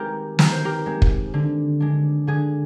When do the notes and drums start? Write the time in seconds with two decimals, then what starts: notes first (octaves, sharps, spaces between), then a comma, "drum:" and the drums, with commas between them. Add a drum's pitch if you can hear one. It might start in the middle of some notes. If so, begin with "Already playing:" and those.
Already playing: D#3 G#3 C4 G4 A#4
0.39 D#3 A#4, drum: snare
0.52 C5
0.65 G4 A#4
0.86 G#3 C4
1.02 drum: kick
1.34 D3
1.80 G#3 D4
2.27 D3 G#4